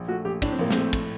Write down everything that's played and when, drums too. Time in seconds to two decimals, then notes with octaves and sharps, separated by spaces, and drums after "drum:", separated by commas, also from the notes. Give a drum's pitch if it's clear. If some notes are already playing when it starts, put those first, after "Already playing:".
Already playing: A#1
0.08 A3 F#4
0.25 A#1 G4
0.42 A2 D4, drum: kick, cymbal
0.52 C4
0.59 A#1 A#3
0.70 C4, drum: snare
0.77 A3
0.93 drum: kick, cymbal